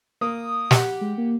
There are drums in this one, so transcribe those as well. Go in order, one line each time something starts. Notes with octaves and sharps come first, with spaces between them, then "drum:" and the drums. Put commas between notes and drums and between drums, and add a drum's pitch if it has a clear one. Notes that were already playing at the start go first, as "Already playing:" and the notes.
A#3 D#6
G4 F#5, drum: snare
G#3
A#3